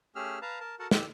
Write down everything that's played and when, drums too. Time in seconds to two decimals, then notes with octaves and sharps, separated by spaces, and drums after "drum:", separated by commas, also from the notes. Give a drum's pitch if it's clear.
0.16 A3 C#4 G4 G#4 E6 F6
0.42 B4 F5 A5 A#5
0.60 A#4 A5
0.79 F#4 A4 A#4 F#5 A5
0.91 G4 E6, drum: snare